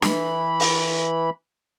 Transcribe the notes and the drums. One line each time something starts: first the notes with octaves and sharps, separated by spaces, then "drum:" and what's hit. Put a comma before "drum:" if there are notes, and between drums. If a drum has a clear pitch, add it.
E3 B5, drum: snare
drum: open hi-hat